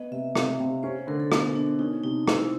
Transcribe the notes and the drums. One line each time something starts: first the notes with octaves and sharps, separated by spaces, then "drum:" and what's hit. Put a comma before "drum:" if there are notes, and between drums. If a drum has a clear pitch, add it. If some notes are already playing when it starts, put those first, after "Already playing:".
Already playing: B3 D#5
C3 E5
C3 F5, drum: rim click
C3
C#4 C5
D3 A#4
A4
B2, drum: rim click
B2 D4
C#4 D#4
C3 D#4
C4 E4, drum: rim click